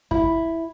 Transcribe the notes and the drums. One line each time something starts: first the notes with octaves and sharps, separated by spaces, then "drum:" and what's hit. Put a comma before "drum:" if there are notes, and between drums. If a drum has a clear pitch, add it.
E4, drum: kick